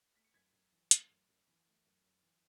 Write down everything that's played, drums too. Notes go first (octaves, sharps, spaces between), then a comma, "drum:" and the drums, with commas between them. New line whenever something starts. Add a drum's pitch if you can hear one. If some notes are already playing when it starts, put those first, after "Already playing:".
A3 B6
C#7
F#2 G#6 B6
F#2
E3
A3, drum: hi-hat
F#2
F#2
E3
A3
F#2
F#2
E3